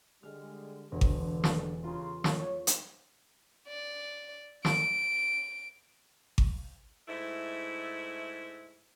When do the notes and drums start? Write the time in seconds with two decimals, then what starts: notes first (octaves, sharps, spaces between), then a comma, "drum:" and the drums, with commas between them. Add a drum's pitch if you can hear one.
0.23 D3 G3 G#3 F6
0.92 E1 D3
1.01 drum: kick G#1
1.44 A4, drum: snare
1.84 C#3 F4 A#5 C6
2.24 C#5, drum: snare
2.67 drum: hi-hat
3.67 D5
4.65 D7, drum: snare
6.38 drum: kick G#1
7.08 G#2 A3 E4